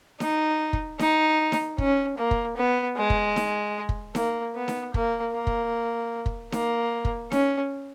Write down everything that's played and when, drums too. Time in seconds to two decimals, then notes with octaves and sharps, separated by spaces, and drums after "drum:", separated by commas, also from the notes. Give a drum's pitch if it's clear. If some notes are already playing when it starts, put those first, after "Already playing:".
0.20 D#4, drum: snare D#4
0.73 drum: kick
0.99 D#4, drum: snare D#4
1.52 drum: snare D#4
1.78 C#4, drum: kick
2.18 A#3
2.31 drum: kick
2.57 B3
2.97 G#3
3.10 drum: kick
3.36 drum: snare D#4
3.89 drum: kick
4.15 A#3, drum: snare D#4
4.55 B3
4.68 drum: snare D#4
4.94 A#3, drum: kick
5.34 A#3
5.47 drum: kick
6.26 drum: kick
6.52 A#3, drum: snare D#4
7.05 drum: kick
7.32 C#4, drum: snare D#4